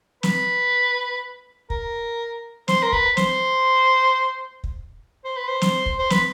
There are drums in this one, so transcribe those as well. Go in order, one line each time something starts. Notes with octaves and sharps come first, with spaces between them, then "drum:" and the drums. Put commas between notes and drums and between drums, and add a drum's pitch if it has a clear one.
B4, drum: snare
A#4, drum: kick
C5, drum: snare
A#4
B4, drum: kick
C5, drum: snare
drum: kick
C5
B4
C5
drum: snare
drum: kick
C5
B4, drum: snare